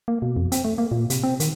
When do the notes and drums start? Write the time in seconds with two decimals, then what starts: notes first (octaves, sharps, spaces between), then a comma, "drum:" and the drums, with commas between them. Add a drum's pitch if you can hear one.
0.08 A#3
0.22 B2
0.37 F2
0.52 C4, drum: hi-hat
0.64 A3
0.78 A#3
0.91 A#2
1.10 C3, drum: hi-hat
1.23 C4
1.40 D#3, drum: hi-hat